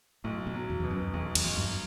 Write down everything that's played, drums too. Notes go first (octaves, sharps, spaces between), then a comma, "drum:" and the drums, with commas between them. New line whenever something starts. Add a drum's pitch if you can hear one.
B1 A2
B2
F#3
E2
E2 B2
F#2
B1 E2
E2, drum: cymbal
B1 F#2
G2